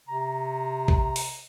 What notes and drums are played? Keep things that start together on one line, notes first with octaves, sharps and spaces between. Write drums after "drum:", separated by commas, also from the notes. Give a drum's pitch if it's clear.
C3 A#5
drum: kick A#1
drum: open hi-hat